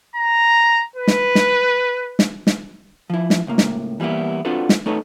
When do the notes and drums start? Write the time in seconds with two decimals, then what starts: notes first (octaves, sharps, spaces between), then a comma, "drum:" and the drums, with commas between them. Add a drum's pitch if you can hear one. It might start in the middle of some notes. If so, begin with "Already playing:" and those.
0.16 A#5
0.96 B4
1.08 drum: snare
1.35 drum: snare
2.19 drum: snare
2.47 drum: snare
3.10 F3 E4
3.30 drum: snare
3.47 C#2 A2 A#3
3.58 drum: snare
4.00 E3 G3 A#3 B3 E4
4.45 C4 D4 F4 F#4 A4 B4
4.69 drum: snare
4.86 A3 D#4 A4 B4 C#5